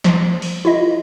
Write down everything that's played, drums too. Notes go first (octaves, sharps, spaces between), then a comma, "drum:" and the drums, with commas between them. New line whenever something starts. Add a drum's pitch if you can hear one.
F3, drum: snare
drum: open hi-hat
E4 F4 D#5